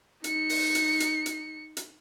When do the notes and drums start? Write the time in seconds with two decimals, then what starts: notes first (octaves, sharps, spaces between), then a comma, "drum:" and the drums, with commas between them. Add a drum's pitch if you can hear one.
0.24 D#4 C#7, drum: hi-hat
0.49 drum: open hi-hat
0.75 drum: hi-hat
1.00 drum: hi-hat
1.26 drum: hi-hat
1.77 drum: hi-hat